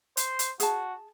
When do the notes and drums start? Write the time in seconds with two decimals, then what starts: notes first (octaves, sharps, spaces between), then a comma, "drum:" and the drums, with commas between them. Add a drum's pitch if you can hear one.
0.17 C5, drum: hi-hat
0.39 drum: hi-hat
0.60 F#4 G#4 A5, drum: hi-hat